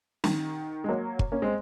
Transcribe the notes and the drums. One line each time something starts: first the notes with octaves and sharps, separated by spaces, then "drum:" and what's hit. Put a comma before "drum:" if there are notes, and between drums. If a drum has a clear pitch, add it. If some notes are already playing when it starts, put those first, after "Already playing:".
D#3, drum: snare
G#3
F#3 A#3
drum: kick
A#3 C#4
G#3 C4